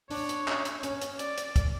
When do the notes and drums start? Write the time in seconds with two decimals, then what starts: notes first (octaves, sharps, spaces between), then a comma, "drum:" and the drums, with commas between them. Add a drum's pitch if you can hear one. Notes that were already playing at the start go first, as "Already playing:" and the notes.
0.10 D4 C#5, drum: open hi-hat
0.29 drum: hi-hat
0.48 C#4, drum: clap
0.65 drum: hi-hat
0.83 C#4, drum: hi-hat
1.01 drum: hi-hat
1.19 D5, drum: hi-hat
1.38 drum: hi-hat
1.56 drum: kick, hi-hat